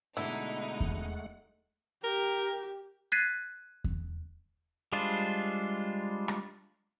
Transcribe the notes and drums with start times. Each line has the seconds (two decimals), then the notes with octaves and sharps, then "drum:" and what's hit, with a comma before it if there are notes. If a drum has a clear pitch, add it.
0.17 B2 D3 G#3 A3 D#4 E4 F#5
0.80 drum: kick E2
2.04 G4 A#4
3.12 F#6 G#6 A6 B6 C7 D#7
3.84 drum: kick E2
4.92 G3 G#3 D4 F4 C5
6.28 drum: rim click